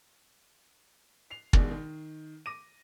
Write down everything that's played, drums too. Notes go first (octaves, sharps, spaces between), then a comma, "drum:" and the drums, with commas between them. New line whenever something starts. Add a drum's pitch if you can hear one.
C7 F7
A#1 D#2 B2 D#3 G#3, drum: kick
D#3
D6 A#6 D#7